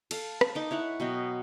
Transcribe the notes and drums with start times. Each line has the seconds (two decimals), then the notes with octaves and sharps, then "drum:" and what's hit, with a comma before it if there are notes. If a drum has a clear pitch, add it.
0.11 A4 F5, drum: cymbal
0.41 drum: rim click
0.55 D#4 D6
0.71 E4 C#5 E5 F#5
1.00 B2 F#3 D#5 G5